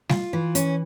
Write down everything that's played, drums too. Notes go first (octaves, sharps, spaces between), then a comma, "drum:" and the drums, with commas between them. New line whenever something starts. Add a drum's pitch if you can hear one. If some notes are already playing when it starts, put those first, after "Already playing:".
F4, drum: snare G3
E3
C#4, drum: hi-hat